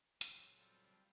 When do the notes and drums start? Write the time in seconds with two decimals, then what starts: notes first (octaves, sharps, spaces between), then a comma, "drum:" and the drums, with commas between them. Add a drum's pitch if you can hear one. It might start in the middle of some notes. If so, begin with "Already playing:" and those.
0.21 F#3 G#3 C4 A4 E6, drum: hi-hat
0.55 G3 C4 F4